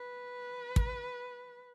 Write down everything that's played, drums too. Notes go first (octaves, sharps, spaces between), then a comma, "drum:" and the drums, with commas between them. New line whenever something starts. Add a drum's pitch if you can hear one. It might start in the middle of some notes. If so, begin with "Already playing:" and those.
Already playing: B4
drum: kick